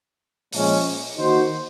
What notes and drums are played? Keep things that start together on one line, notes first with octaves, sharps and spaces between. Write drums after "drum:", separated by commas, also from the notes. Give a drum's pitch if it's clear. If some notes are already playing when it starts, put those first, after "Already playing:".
A#2 F3 G#3 C#4, drum: open hi-hat
D#3 A#3 D#4 F#4 C5